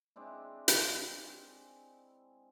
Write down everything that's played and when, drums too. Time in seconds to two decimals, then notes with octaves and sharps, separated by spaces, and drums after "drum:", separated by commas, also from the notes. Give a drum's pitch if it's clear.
0.16 G#3 C4 D4 E4
0.68 drum: hi-hat